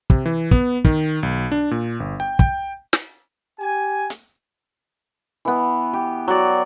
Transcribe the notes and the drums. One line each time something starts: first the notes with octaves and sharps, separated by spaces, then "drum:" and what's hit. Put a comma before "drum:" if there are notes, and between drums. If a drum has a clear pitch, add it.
C3, drum: kick
E3
B3, drum: kick
D#3, drum: kick
B1
D4
A#2
G1
G5
G5, drum: kick
drum: snare
G4 G#5
drum: hi-hat
E3 B3
G4
F#3 D5